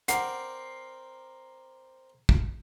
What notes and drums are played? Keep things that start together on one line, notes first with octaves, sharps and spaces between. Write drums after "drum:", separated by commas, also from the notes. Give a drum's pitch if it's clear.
C4 A#4 D5 F#5 C7, drum: hi-hat
drum: kick